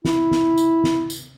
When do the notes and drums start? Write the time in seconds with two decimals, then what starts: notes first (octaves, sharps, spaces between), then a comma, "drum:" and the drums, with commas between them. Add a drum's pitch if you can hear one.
0.05 E4, drum: snare
0.31 drum: snare
0.58 drum: tambourine
0.84 drum: snare
1.10 drum: tambourine